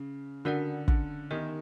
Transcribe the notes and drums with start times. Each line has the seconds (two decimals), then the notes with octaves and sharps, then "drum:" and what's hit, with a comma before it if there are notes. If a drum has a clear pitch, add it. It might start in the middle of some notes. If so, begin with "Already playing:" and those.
Already playing: C#3
0.45 D3 D4 F#4 A#4 D5 F#5
0.88 D3, drum: kick
1.31 D#3 B3 D#4 G4 A#4 D#5